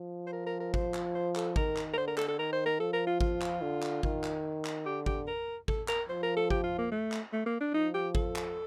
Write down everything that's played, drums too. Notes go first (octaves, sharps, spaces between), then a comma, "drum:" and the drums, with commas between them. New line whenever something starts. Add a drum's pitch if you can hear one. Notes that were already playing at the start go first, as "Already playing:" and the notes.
Already playing: F3
C5
A#4
A#4
A#4
C5, drum: kick G#1
drum: clap
C5
A4, drum: clap
D#3 A#4, drum: kick G#1
drum: clap
A#4
D3 C5
A#4
A4, drum: clap
A4
D#3 A#4
C5
A#4
F3 A4
A#4
F4
F4, drum: kick G#1
drum: clap
D3
drum: clap
D#3, drum: kick G#1
drum: clap
drum: clap
D3 G4
G4, drum: kick G#1
A#4
A4, drum: kick G#1
A#4, drum: clap
F3 C5
A#4
A4
G4, drum: kick G#1
F4
A#3
A3
drum: clap
A3
A#3
D4
F3 D#4
G4
A4, drum: kick G#1
drum: clap